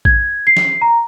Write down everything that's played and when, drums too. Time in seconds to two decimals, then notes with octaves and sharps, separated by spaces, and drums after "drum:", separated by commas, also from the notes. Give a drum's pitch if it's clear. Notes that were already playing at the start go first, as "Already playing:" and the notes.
0.05 G#6, drum: kick A1
0.47 C7
0.57 drum: snare
0.82 A#5